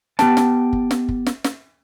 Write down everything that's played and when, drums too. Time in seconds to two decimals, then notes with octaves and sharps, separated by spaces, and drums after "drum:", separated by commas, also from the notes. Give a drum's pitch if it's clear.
0.19 B3 G4 G5 A5, drum: snare
0.37 drum: snare
0.73 drum: kick
0.91 drum: snare
1.09 drum: kick
1.26 drum: snare
1.44 drum: snare